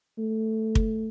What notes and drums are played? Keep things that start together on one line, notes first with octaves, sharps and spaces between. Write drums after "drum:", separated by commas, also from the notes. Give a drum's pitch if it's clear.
A3
drum: kick